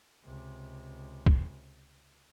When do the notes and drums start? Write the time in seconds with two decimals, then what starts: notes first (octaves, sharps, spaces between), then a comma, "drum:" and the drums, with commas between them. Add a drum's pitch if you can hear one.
0.24 C#2 C3
1.26 drum: kick